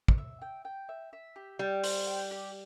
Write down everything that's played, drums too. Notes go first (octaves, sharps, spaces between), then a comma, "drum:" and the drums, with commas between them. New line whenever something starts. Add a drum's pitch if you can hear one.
drum: kick
E5
G5
G5
E5
E5
G4
G3 G5
C5, drum: open hi-hat
G5
G4